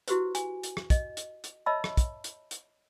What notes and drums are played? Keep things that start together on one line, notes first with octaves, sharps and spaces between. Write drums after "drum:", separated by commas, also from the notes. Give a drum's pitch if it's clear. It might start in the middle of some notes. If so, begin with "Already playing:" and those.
E4 F#4 G4 B4 C5, drum: hi-hat
G#5, drum: hi-hat
drum: hi-hat
drum: rim click
D#5, drum: kick, hi-hat
drum: hi-hat
drum: hi-hat
C#5 D#5 E5 A5 B5 E6
drum: rim click
drum: kick, hi-hat
drum: hi-hat
drum: hi-hat